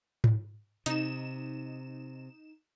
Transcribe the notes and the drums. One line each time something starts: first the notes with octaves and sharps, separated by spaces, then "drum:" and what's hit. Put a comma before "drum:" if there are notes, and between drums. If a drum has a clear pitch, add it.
drum: tom G#2
C3 D#4 E7, drum: hi-hat